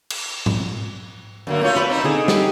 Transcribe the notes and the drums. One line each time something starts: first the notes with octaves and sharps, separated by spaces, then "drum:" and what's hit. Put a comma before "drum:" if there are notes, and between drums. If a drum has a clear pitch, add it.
drum: cymbal
drum: tom G#2
F#2 D3 A#3
A3 C#4 F4
B4 D5 E5
C4 D#4
D3 D#4 G#4 A4
G4, drum: snare